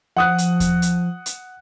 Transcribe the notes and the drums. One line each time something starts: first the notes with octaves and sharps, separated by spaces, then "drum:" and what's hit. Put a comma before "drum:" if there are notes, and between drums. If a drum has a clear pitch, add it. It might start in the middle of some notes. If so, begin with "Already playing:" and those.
F3 F#5 D#6 F#6
drum: hi-hat
drum: kick D#2, hi-hat
drum: hi-hat
drum: hi-hat